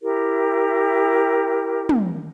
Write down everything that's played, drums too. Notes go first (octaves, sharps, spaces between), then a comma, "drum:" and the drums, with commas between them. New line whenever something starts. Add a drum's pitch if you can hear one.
E4 G4 A#4
drum: tom